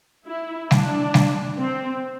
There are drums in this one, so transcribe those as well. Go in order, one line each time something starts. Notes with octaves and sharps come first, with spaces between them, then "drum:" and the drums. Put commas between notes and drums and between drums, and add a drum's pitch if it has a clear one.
E4
D4, drum: snare G3
drum: snare G3
C4